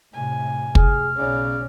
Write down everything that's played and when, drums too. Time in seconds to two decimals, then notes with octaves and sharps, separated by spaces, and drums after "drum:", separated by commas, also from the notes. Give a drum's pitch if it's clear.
0.14 A2 C3 G#5
0.75 F1 G#4 F6, drum: kick
1.17 B1 C#3 C#4 D5